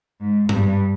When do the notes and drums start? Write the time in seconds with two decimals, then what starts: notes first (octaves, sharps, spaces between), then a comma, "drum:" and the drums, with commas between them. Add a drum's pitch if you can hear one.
0.20 G#2
0.49 G2, drum: tom G#2